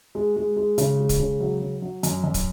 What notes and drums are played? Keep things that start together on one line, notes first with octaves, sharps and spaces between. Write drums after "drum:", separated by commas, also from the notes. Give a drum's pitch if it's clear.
G#3
G#3
G#3
C#3, drum: hi-hat
G#3
drum: kick, hi-hat
C#3
F#3
F#3
F#3
F#2, drum: hi-hat
F#2
drum: kick, hi-hat